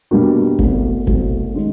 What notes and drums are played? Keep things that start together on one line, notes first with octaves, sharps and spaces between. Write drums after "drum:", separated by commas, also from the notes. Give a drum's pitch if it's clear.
B2 G3 A#3 D4 F#4
C2 B2 F#3 A3 C4, drum: kick G1
C2 B2 F#3 A3 C4, drum: kick G1
D#3 G#3 C#4